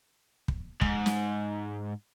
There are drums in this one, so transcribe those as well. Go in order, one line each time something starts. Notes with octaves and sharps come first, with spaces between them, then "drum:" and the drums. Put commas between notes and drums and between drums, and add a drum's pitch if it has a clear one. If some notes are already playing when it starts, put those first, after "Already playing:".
drum: kick
G#2, drum: kick
drum: snare